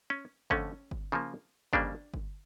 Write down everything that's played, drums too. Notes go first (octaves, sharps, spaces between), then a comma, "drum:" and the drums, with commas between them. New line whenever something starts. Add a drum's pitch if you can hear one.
C#4
F2 D3 A3 C#4, drum: kick G1
drum: kick G1
C#3 F3 A#3
F2 C#3 G3 A#3 D4, drum: kick G1
drum: kick G1